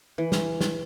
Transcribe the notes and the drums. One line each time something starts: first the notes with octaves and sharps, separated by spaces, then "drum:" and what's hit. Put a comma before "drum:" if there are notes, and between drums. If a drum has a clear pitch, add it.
E3
drum: snare
drum: snare